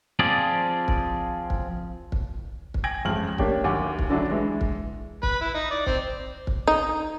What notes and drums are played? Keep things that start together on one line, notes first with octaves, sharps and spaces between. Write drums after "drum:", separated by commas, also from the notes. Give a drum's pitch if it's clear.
F3 C4 F4 G#4 D5
drum: kick
drum: kick
drum: kick
drum: kick
G5 G#5 G#6 A#6 D7 F#7
A1 F2 G#3 F6 F#7
A#3 D4 G4 C#5 G5, drum: kick
D1 D#2 F#5 G#5 D6
drum: kick
D3 F#3 D4 E4 F#4
E3 G#3
drum: kick
B4, drum: kick
E4
D#4
D5
C4, drum: kick
drum: kick
D#4